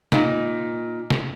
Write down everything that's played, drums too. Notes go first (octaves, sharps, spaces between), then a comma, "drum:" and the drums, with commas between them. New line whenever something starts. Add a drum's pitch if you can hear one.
A#2 D#4, drum: snare
drum: snare